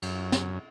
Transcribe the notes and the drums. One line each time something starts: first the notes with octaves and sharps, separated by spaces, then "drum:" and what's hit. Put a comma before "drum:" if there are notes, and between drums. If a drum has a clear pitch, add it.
F#2, drum: cymbal
drum: snare